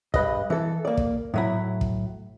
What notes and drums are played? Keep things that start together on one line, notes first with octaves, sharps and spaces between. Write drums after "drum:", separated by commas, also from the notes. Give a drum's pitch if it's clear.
G2 B4 D#5, drum: kick
E3 A4
A#3 D5
drum: kick
A2 F#3 E4
drum: kick